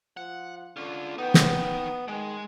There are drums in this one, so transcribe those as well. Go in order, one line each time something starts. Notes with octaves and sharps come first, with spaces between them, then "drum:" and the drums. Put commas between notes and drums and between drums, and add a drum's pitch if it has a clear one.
F3 F#5
D3 C#4 F4
B3 D#4 G5
drum: snare
D#3 G#3